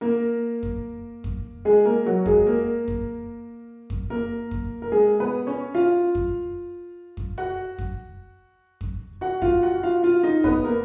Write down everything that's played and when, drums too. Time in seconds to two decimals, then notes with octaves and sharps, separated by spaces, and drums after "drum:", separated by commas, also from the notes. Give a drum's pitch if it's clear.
0.01 A#3 A#4
0.63 drum: kick F2
1.24 drum: kick F2
1.65 G#3 G#4
1.85 A#3 A#4
2.06 F#3 F#4
2.26 G#3 G#4, drum: kick F2
2.47 A#3 A#4
2.88 drum: kick F2
3.90 drum: kick F2
4.10 A#3 A#4
4.51 drum: kick F2
4.82 A#4
4.92 G#3 G#4
5.20 B3 B4
5.47 C#4 C#5
5.74 F4 F5
6.15 drum: kick F2
7.17 drum: kick F2
7.38 F#4 F#5
7.79 drum: kick F2
8.81 drum: kick F2
9.21 F#4 F#5
9.42 F4 F5, drum: kick F2
9.63 F#4 F#5
9.83 F4 F5
10.03 F4 F5
10.23 D#4 D#5
10.44 B3 B4, drum: kick F2
10.64 A#3 A#4